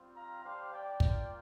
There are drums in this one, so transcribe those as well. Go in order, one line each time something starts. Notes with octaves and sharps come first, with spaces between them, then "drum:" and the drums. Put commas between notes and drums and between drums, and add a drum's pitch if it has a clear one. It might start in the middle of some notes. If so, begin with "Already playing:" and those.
Already playing: G3 C4 F4
F5 A#5
G3 D4 G4 C5 F5
D5 G5
A#3 F4, drum: kick